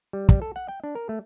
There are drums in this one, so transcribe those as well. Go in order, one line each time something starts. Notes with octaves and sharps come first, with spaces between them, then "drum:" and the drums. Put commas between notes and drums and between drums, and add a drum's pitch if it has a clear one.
G3
G3, drum: kick
A4
F#5
G5
D4
A#4
A3